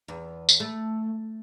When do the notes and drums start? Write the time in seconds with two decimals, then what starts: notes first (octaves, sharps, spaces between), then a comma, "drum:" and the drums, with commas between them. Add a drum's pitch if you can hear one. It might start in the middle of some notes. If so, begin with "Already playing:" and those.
0.08 E2
0.49 drum: tambourine
0.60 A3